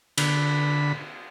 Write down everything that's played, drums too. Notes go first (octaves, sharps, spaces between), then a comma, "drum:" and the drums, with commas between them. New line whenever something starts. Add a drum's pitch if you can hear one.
D3 B5, drum: cymbal